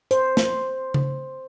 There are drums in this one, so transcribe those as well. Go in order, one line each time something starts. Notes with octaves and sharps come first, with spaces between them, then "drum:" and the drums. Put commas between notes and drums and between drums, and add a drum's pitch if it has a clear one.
C5, drum: hi-hat
drum: snare
drum: tom C#3